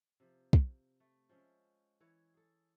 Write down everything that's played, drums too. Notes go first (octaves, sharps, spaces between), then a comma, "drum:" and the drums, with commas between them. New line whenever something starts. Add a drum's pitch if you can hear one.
C3 F3
drum: kick
A3
F3 G#3 C#4 E5
E3 E4 C#5
G#4 A4